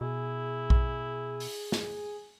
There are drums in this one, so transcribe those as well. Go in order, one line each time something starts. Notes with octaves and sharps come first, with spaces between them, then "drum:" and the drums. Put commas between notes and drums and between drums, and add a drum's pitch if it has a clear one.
B2 E4 G#4
drum: kick A#1
drum: open hi-hat
drum: snare